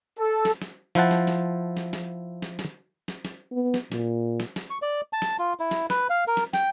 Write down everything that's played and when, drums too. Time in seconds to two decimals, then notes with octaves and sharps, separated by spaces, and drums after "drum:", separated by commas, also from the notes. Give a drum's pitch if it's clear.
0.18 A4
0.45 drum: snare
0.62 drum: snare
0.95 F3 E4 C5 F#5 A5
1.11 drum: snare
1.27 drum: snare
1.77 drum: snare
1.93 drum: snare
2.42 drum: snare
2.59 drum: snare
3.08 drum: snare
3.25 drum: snare
3.52 B3
3.74 drum: snare
3.92 A#2, drum: snare
4.40 drum: snare
4.56 drum: snare
4.70 C#6
4.82 D5
5.13 A5
5.22 drum: snare
5.39 F4
5.60 E4
5.71 drum: snare
5.90 B4, drum: snare
6.10 F5
6.27 A#4
6.37 drum: snare
6.53 G5, drum: snare